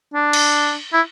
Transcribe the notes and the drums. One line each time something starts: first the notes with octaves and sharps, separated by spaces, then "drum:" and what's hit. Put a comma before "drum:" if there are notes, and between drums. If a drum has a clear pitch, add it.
D4
drum: cymbal
E4